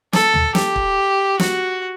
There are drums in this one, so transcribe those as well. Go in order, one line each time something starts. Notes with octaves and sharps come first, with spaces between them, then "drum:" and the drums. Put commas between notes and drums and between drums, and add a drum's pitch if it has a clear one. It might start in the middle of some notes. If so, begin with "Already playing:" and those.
A4, drum: snare
drum: tom
G4, drum: snare
drum: kick
F#4, drum: snare